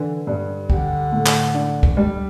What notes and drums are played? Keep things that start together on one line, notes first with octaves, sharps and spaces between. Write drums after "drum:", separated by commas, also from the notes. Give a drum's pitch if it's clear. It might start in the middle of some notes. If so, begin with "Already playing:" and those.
Already playing: D3 E3
G2
D3 G4, drum: kick
A2
drum: clap
D4
drum: kick
G3